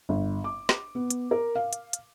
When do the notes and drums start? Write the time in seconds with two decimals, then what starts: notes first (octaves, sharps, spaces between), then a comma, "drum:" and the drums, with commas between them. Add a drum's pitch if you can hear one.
0.09 G1
0.44 D6
0.69 drum: snare
0.95 B3
1.10 drum: hi-hat
1.31 A#4
1.55 F5
1.73 drum: hi-hat
1.93 drum: hi-hat